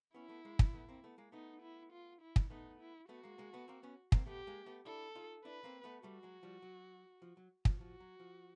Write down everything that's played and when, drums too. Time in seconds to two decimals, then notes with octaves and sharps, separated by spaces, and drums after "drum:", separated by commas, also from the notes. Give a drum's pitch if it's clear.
0.14 B3 C#4 E4
0.29 A3 B3
0.45 G#3 A#3
0.59 drum: kick
0.73 A3 B3
0.88 A#3 C4
1.04 A3 B3
1.18 G#3 A#3
1.32 A3 B3 D#4
1.62 E4
1.92 F4
2.21 E4
2.36 drum: kick
2.50 A3 B3 D#4
2.80 E4
3.09 A3 B3 F#4
3.24 G#3 A#3
3.38 G#3 A#3
3.53 A3 B3
3.68 A#3 C4
3.83 B3 C#4
4.12 A#3 C4, drum: kick
4.26 A3 B3 G4
4.47 G#3 A#3
4.66 A3 B3
4.86 D4 E4 A4
5.15 D#4 F4
5.44 D4 E4 B4
5.64 A#3 C4
5.84 A3 B3
6.03 G3 A3 F#4
6.23 F#3 G#3
6.43 F3 G3
6.62 F#3
7.22 F3
7.37 F#3
7.65 F3, drum: kick
7.80 F3 F#4
8.00 F#3
8.20 F3